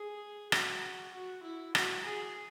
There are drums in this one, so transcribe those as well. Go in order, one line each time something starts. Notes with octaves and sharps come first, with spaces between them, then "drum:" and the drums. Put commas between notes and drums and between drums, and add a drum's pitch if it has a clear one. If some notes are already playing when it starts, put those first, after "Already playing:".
Already playing: G#4
F#4, drum: rim click
F#4
E4
F#4, drum: rim click
G#4